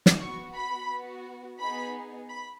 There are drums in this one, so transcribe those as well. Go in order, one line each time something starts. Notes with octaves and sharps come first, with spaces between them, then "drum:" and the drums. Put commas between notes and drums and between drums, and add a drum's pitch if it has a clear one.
drum: snare
B3 F#4 C#6
B5
B3 F#4
B3 D#4 G#4 B5
B5